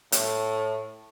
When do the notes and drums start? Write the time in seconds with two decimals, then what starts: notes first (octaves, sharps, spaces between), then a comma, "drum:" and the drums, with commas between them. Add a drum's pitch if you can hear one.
0.12 A2, drum: hi-hat